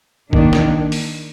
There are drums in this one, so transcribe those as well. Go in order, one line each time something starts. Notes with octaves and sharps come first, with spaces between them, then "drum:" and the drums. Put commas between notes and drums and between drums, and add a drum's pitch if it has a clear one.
D#3 A#3 D4, drum: kick A#1
drum: snare
drum: open hi-hat